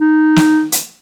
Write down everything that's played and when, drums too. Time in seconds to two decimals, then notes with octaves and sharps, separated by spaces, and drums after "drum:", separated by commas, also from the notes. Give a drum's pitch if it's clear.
0.01 D#4
0.36 drum: snare
0.72 drum: hi-hat